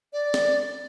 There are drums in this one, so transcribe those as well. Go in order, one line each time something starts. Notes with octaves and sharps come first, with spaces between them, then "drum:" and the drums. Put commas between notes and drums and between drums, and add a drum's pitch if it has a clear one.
D5
drum: snare